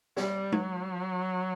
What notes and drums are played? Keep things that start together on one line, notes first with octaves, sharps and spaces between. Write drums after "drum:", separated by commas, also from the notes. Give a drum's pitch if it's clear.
G3, drum: snare
F#3, drum: tom G#3